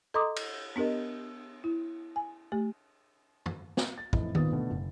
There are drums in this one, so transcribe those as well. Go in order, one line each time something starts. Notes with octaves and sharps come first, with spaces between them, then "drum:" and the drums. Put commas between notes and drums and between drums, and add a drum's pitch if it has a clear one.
A4 D#5 A#5 C6 D6 D#6
drum: cymbal
B3 D4 G4 A#4 D#5
E4
G#5
A3 G4
drum: tom F#2
drum: snare
A6
F1 E2 A2 D#5, drum: kick
G#1 D#2 A#2 B3 D#6 A6, drum: tom
B2 D3 A3
F#1